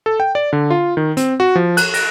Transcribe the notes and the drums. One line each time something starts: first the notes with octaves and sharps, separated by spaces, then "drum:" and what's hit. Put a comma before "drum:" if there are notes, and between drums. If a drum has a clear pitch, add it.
A4
G5
D5
D3
F4
D#3
C4, drum: hi-hat
F#4
F3
F#6, drum: cymbal
A#6, drum: cymbal